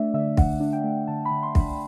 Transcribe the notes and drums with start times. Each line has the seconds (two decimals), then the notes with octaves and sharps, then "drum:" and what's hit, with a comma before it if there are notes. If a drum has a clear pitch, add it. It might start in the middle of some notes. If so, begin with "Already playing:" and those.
Already playing: A3 D4 D5 E5
0.14 D3 E5
0.37 D3 F#5, drum: kick
0.60 D4
0.73 G5
0.84 A3
1.07 D3 A5
1.25 B5
1.31 D3
1.43 C6
1.55 D4, drum: kick
1.60 B5